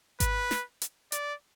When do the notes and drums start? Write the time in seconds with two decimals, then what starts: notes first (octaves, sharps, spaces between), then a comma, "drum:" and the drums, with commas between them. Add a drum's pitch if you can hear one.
0.20 B4, drum: kick G#1, hi-hat
0.51 drum: snare
0.82 drum: hi-hat
1.12 D5, drum: hi-hat